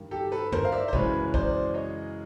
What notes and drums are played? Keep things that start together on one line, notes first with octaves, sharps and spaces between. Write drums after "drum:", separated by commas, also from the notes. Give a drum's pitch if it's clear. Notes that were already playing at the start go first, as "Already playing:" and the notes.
Already playing: G2 D#3 G3
G4 A4
A4 B4
A#4 C5, drum: tom
F5
D5 E5
C5
F#2 C#3 E3 G#3 B4 C#5, drum: kick
C5 D5, drum: kick
C#5 D#5